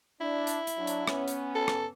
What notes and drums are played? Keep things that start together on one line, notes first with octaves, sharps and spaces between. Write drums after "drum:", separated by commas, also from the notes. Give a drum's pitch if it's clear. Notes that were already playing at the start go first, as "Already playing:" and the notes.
D4 E4
drum: hi-hat
drum: hi-hat
F#3 D4
drum: hi-hat
B3 C#4, drum: rim click
drum: hi-hat
A4
drum: rim click